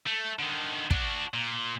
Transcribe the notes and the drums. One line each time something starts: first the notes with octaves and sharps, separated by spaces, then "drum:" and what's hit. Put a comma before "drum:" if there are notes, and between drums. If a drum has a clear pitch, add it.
A3
D3 D#3
D4 F#4, drum: kick
A#2